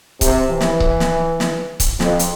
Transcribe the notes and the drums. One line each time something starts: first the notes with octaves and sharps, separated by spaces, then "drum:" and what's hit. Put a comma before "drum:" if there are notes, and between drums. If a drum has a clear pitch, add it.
C3, drum: kick C#1, hi-hat
E3
drum: snare
drum: kick C#1
drum: snare
drum: snare
drum: kick C#1, hi-hat
F2, drum: snare
drum: hi-hat